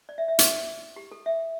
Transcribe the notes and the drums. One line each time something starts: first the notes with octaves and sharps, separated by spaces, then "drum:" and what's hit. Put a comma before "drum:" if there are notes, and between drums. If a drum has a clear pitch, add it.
D5
E5
E5
drum: hi-hat
G4
A4
E5